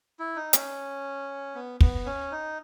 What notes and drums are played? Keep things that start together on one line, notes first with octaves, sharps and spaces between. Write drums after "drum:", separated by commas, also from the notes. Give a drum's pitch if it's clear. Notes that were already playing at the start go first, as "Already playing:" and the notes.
E4
D#4
C#4, drum: hi-hat
B3
B3, drum: kick
C#4
D#4